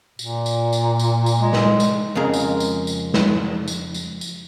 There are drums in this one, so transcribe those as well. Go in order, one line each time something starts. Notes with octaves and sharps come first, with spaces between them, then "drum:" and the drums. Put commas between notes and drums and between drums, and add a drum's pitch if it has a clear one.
A#2, drum: tambourine
drum: tambourine
drum: tambourine
drum: tambourine
drum: tambourine
G#3
drum: snare
drum: tambourine
F2 C#3 G#3 G#4 A#4
drum: tambourine
drum: tambourine
drum: tambourine
drum: snare
drum: tambourine
drum: tambourine
drum: tambourine